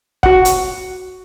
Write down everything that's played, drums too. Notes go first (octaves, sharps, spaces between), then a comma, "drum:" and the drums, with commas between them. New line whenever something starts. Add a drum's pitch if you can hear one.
F#4 F#5, drum: kick
drum: hi-hat